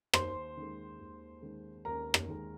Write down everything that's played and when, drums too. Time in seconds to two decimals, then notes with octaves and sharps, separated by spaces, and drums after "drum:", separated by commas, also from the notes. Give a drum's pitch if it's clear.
0.14 D#2 C5 C6, drum: rim click
0.57 D#3 G#3
0.99 D#2
1.42 D#3 G#3
1.85 D#2 A#4 A#5
2.14 drum: rim click
2.28 D#3 G#3